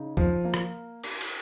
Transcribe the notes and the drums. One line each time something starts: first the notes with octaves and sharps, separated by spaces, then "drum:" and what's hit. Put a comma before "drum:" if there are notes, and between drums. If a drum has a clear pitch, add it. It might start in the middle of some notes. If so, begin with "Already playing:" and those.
Already playing: C#3 D#4
F3, drum: kick
A#3
drum: rim click
drum: cymbal
drum: cymbal